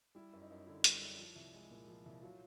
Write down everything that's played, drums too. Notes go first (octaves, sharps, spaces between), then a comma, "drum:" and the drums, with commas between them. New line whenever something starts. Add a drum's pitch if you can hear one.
G3 E4
F#2
D#4
F#2
D3 E4
G3, drum: hi-hat
F#2
F3
C2
G#3
A#2
F3
C2
F#3 F4